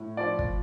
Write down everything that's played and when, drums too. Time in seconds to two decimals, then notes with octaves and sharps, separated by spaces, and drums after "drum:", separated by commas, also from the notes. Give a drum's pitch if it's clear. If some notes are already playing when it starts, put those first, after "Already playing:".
Already playing: A2
0.17 F3 D5
0.39 drum: kick